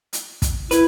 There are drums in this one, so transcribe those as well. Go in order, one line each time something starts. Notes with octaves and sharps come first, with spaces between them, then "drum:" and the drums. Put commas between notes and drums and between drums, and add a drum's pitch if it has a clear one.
drum: hi-hat
drum: kick, hi-hat
E4 B4, drum: hi-hat